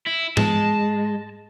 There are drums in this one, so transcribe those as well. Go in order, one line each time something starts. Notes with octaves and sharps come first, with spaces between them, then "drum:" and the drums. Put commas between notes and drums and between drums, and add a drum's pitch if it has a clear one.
E4
G#3 A5, drum: tom G#2